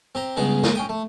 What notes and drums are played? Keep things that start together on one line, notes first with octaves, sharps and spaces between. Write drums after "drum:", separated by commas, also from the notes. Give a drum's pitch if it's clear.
C4 G4 A#5
C#2 G2 C#3 G#3 B3 G#4
A#3, drum: snare
C#4 G5 D#6
A3